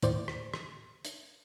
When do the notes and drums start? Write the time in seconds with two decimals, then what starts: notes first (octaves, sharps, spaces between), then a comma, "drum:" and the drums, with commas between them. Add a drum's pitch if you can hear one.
0.03 D#2 A2 C5 D5, drum: hi-hat
0.28 drum: rim click
0.54 drum: rim click
1.05 drum: hi-hat